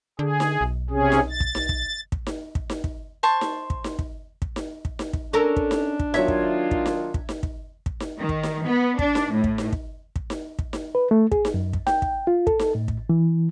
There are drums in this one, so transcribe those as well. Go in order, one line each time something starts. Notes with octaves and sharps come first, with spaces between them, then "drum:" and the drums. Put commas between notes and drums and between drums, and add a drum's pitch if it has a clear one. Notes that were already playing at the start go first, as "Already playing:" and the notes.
D3 G#4
drum: snare D#4
B1
C3 C#4 G#4
drum: snare D#4
A6
drum: kick
drum: snare D#4
drum: kick
drum: kick
drum: snare D#4
drum: kick
drum: snare D#4
drum: kick
C5 A5 C6 C#6
drum: snare D#4
drum: kick
drum: snare D#4
drum: kick
drum: kick
drum: snare D#4
drum: kick
drum: snare D#4
drum: kick
C#4 D4 A4 A#4
drum: kick
drum: snare D#4
drum: kick
D#3 F#3 A#3 F4 C#5 E5 G#6, drum: snare D#4
drum: kick
drum: kick
drum: snare D#4
drum: kick
drum: snare D#4
drum: kick
drum: kick
drum: snare D#4
D#3
drum: kick
drum: snare D#4
B3
D4, drum: kick
drum: snare D#4
A2
drum: kick
drum: snare D#4
drum: kick
drum: kick
drum: snare D#4
drum: kick
drum: snare D#4
B4
A3
G#4, drum: kick
drum: snare D#4
F#2
drum: kick
G5, drum: snare D#4
drum: kick
F4
A4, drum: kick
drum: snare D#4
A2
drum: kick
E3